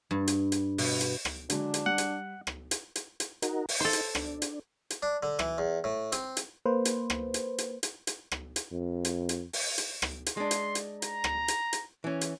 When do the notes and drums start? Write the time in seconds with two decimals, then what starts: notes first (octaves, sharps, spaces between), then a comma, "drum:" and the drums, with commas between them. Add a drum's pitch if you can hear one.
0.11 G2
0.28 drum: hi-hat
0.52 drum: hi-hat
0.78 B2, drum: open hi-hat
1.01 drum: hi-hat
1.25 drum: rim click
1.50 D3 F#3 G#3 D4, drum: hi-hat
1.74 drum: hi-hat
1.86 G3 F#5
1.98 drum: hi-hat
2.47 drum: rim click
2.71 drum: hi-hat
2.96 drum: hi-hat
3.20 drum: hi-hat
3.42 D#4 F#4 A#4, drum: hi-hat
3.69 drum: open hi-hat
3.80 D#4 A4 C5
3.93 drum: hi-hat
4.15 D4, drum: rim click
4.42 drum: hi-hat
4.90 drum: hi-hat
5.02 D4
5.23 D3
5.39 E3, drum: rim click
5.58 E2
5.84 A2
6.12 C4, drum: hi-hat
6.37 drum: hi-hat
6.65 A#3 B4 C5
6.85 drum: hi-hat
7.10 drum: rim click
7.34 drum: hi-hat
7.58 drum: hi-hat
7.83 drum: hi-hat
8.07 drum: hi-hat
8.32 drum: rim click
8.56 drum: hi-hat
8.72 F2
9.05 drum: hi-hat
9.29 drum: hi-hat
9.53 drum: open hi-hat
9.78 drum: hi-hat
10.02 drum: rim click
10.26 drum: hi-hat
10.37 G#3 D4 C6
10.51 drum: hi-hat
10.75 drum: hi-hat
11.02 A#5, drum: hi-hat
11.24 drum: rim click
11.48 drum: hi-hat
11.73 drum: hi-hat
12.04 E3 C#4
12.21 drum: hi-hat